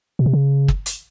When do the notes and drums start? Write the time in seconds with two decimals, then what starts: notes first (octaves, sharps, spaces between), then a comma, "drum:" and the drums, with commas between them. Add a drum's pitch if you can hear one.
0.19 B2
0.26 C3
0.33 C#3
0.68 drum: kick
0.86 drum: hi-hat